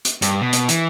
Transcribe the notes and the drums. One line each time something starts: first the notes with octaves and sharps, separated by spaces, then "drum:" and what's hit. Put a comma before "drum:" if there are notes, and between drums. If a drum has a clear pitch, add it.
drum: hi-hat
G2, drum: hi-hat
B2
drum: hi-hat
E3, drum: hi-hat